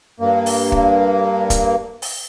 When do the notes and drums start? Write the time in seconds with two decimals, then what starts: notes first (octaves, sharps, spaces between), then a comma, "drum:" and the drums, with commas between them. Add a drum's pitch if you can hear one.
0.20 G2 A#3
0.46 drum: open hi-hat
0.72 drum: kick
1.50 drum: kick, hi-hat
2.02 drum: open hi-hat